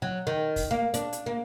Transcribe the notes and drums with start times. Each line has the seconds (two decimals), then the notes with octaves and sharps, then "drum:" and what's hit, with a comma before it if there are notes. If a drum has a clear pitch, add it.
0.02 F#3
0.27 D#3
0.56 drum: kick, open hi-hat
0.71 A#3
0.94 D4, drum: hi-hat
1.13 drum: hi-hat
1.26 A#3